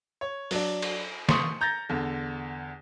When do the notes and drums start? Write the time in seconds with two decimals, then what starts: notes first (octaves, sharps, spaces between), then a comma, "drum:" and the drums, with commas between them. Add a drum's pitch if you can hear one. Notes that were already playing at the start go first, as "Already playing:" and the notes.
0.21 C#5
0.51 F#3 D4, drum: open hi-hat
0.82 drum: cymbal
1.29 C6 C#6 D#6 C#7, drum: snare
1.61 A#5 G6 A6 A#6
1.89 E2 D3